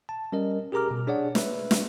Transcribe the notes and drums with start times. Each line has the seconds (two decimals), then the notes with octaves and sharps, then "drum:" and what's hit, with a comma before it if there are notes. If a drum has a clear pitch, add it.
0.09 A5
0.32 G3 C#4 A#4 D#5
0.72 G4 G#4 A#4 A#5 D6 F6
0.91 B2
1.07 D4 G#4 C#5 D5 F#5
1.35 B4 E5, drum: snare
1.71 drum: snare